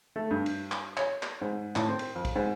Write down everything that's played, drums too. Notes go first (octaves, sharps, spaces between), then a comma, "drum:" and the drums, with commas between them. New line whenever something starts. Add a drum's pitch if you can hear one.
A3
G2
drum: cymbal
drum: clap
C#5, drum: clap
drum: clap
G#2
A2, drum: clap
C4
drum: cymbal
F2
drum: kick, cymbal
G#2